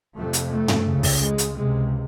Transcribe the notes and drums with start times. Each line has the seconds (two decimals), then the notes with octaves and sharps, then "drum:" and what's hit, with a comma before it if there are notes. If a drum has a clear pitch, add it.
0.16 F2 C3 A3
0.33 drum: hi-hat
0.51 A3
0.68 drum: tom
0.85 C#2 C#3
1.03 drum: kick, open hi-hat
1.21 G#3
1.38 drum: hi-hat
1.55 C#2 C3 G#3